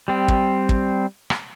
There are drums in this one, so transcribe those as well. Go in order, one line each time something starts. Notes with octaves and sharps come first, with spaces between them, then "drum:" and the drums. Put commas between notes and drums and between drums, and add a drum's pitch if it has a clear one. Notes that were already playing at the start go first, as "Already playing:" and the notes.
G3 C4
drum: kick
drum: kick
drum: rim click